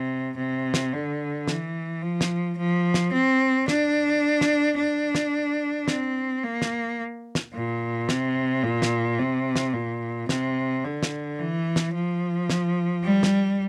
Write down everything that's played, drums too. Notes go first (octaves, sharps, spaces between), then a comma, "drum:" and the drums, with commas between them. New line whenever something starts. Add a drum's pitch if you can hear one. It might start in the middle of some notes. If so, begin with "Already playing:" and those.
Already playing: C3
C3
drum: snare
D3
E3, drum: snare
F3
drum: snare
F3
drum: snare
C4
D4, drum: snare
drum: snare
D4
drum: snare
C4, drum: snare
A#3
drum: snare
drum: snare
A#2
C3, drum: snare
A#2
drum: snare
C3
drum: snare
A#2
C3, drum: snare
D3
drum: snare
E3
drum: snare
F3
drum: snare
G3
drum: snare